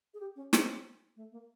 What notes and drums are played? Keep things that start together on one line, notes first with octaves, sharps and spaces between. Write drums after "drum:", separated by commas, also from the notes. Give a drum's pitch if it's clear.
G#4
G4
C#4
C4, drum: snare
A3
A#3